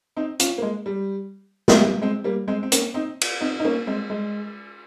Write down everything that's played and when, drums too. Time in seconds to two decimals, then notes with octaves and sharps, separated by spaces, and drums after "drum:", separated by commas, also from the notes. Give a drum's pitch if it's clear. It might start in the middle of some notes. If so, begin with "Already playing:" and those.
0.16 C4 D#4
0.40 C#4 F4, drum: hi-hat
0.58 A#3
0.62 G#3
0.86 G3
1.68 G#3, drum: snare
1.78 G3
2.02 G#3 C4
2.24 G3 A#3
2.48 G#3 C4
2.63 C4
2.72 A#3 C#4, drum: hi-hat
2.94 C4 D#4
3.21 drum: cymbal
3.41 C4 D#4
3.60 D#4
3.65 A#3 C#4
3.87 G#3 C4
4.10 G#3